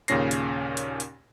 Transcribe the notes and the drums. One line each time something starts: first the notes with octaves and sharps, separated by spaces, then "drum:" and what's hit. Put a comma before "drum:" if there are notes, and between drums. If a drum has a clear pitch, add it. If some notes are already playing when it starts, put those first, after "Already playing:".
D#2 A#2 C#3 C#4 A#6 C7, drum: hi-hat
drum: hi-hat
drum: hi-hat
drum: hi-hat